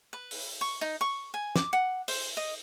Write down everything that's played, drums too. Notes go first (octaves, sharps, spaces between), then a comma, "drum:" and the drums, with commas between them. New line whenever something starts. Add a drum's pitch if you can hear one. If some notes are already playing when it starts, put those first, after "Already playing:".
B4
drum: open hi-hat
C#6
D#4
C#6
G#5
D6, drum: snare
F#5
C5, drum: open hi-hat
D#5